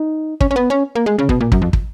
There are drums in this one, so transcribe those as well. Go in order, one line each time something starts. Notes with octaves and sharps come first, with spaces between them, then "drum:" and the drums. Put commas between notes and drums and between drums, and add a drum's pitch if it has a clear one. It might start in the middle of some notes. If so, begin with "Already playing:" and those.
Already playing: D#4
C#4, drum: kick
C#4
B3
C#4
A#3
G#3
C#3
B2, drum: kick
A#2
F#2, drum: kick
F2
drum: kick